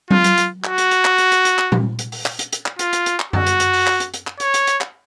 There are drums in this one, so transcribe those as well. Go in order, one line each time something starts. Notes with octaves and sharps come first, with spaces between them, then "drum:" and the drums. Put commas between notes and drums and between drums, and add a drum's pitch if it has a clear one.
F4, drum: tom F#3
drum: hi-hat
drum: hi-hat
F#4, drum: clap
drum: hi-hat
drum: hi-hat
drum: clap
drum: hi-hat
drum: hi-hat
drum: hi-hat
drum: clap
drum: tom A#2
drum: hi-hat
drum: open hi-hat
drum: clap
drum: hi-hat
drum: hi-hat
drum: clap
F4, drum: hi-hat
drum: hi-hat
drum: hi-hat
drum: clap
F#4, drum: tom F#2
drum: hi-hat
drum: hi-hat
drum: open hi-hat
drum: clap
drum: hi-hat
drum: hi-hat
drum: clap
C#5, drum: hi-hat
drum: hi-hat
drum: hi-hat
drum: clap